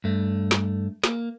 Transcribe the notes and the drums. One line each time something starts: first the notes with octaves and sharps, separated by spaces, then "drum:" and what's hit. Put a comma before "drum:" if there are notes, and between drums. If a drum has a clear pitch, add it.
G2 A3
drum: snare
A#3, drum: snare